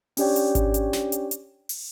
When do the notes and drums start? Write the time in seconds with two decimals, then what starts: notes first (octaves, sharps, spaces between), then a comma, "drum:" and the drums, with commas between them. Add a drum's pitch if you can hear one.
0.17 C#4 D4 G4 C#5 D5 G5, drum: open hi-hat
0.36 drum: hi-hat
0.55 drum: kick G#1, hi-hat
0.74 drum: hi-hat
0.93 drum: snare
1.12 drum: hi-hat
1.31 drum: hi-hat
1.69 drum: open hi-hat